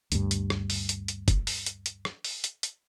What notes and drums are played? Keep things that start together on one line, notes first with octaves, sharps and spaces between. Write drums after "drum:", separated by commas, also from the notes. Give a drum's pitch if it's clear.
D2 G2, drum: hi-hat
drum: hi-hat
drum: rim click
drum: open hi-hat
drum: hi-hat
drum: hi-hat
drum: kick, hi-hat
drum: open hi-hat
drum: hi-hat
drum: hi-hat
drum: rim click
drum: open hi-hat
drum: hi-hat
drum: hi-hat